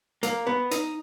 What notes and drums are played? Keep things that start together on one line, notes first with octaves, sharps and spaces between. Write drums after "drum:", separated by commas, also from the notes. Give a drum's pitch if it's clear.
A#3, drum: hi-hat
B3
D#4, drum: hi-hat